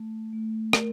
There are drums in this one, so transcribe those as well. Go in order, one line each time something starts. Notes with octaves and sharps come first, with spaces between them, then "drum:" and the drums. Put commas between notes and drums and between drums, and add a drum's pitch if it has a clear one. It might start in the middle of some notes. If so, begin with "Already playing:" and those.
Already playing: A3
A3
A#4, drum: rim click